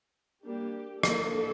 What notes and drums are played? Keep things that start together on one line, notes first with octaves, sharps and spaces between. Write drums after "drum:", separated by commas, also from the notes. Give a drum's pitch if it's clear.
G3 A#3 D4 G4
E3 A#3 D4 A4, drum: rim click